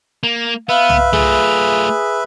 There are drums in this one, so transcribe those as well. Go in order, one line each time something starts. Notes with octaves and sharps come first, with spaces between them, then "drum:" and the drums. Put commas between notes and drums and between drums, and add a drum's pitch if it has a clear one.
A#3
B3 B4 E5 F5
drum: tom
A3 F4 G#4, drum: tom